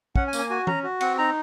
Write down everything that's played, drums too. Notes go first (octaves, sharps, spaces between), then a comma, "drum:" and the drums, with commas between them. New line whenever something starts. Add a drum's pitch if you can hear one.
C#4 F#5, drum: kick
G#5
A#3, drum: tambourine
G#5
F#4 G#5
C#4 A#5, drum: tom E3
F#4
C4 F#5, drum: cymbal
D#4 A#5